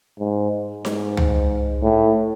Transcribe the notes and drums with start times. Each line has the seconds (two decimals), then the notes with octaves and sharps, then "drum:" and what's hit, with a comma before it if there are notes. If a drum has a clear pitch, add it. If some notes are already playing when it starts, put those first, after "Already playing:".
0.19 G#2
0.85 G#2, drum: snare D#4
1.17 drum: tom
1.82 A2